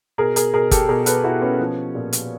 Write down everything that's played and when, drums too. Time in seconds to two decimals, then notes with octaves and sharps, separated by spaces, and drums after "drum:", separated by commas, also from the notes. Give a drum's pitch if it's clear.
0.18 B2 G#4 A#4
0.36 G#4 A#4, drum: hi-hat
0.54 B2 G#4 A#4
0.71 G4 A4, drum: kick G1, hi-hat
0.89 B2 G#4 A#4
1.06 A4 B4, drum: hi-hat
1.24 B2 E4 F#4
1.42 B3 C#4
1.59 F3
1.95 A#2
2.13 drum: hi-hat